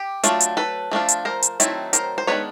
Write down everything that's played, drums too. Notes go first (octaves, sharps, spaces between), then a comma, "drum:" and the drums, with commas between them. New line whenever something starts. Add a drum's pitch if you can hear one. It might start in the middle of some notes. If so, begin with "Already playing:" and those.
Already playing: G4
F#3 A3 D4 F4, drum: hi-hat
drum: hi-hat
A4 B4
F3 A3 D4 F4
drum: hi-hat
A#4 C5
drum: hi-hat
D#3 F#3 A3 C4 E4, drum: hi-hat
A#4 C5, drum: hi-hat
C5
D#3 G#3 B3 D4 B4 C#5